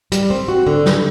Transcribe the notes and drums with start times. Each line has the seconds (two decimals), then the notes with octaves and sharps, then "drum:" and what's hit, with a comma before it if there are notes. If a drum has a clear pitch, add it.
0.12 G3, drum: hi-hat
0.30 C4
0.48 F#4
0.67 D3
0.86 G3, drum: snare